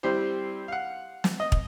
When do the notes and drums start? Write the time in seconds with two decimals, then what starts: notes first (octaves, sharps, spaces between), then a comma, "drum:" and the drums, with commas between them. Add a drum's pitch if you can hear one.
0.03 G3 C4 E4 G4 C5
0.68 F5 F#5
1.24 drum: snare
1.40 D#5
1.52 drum: kick